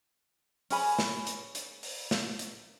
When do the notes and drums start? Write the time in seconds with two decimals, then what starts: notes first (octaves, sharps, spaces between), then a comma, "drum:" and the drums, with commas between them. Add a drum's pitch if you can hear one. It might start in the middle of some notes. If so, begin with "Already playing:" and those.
0.70 C#4 G#4 G#5 B5, drum: open hi-hat
0.99 drum: snare
1.27 drum: hi-hat
1.55 drum: hi-hat
1.83 drum: open hi-hat
2.11 drum: snare
2.39 drum: hi-hat